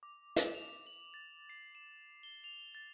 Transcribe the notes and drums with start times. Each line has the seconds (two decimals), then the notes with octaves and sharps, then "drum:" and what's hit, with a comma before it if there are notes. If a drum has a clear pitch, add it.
0.03 D6
0.36 E7, drum: hi-hat
0.55 F7
0.87 F#7
1.14 A6
1.49 C7
1.75 E7
2.23 G7
2.44 F7
2.75 A6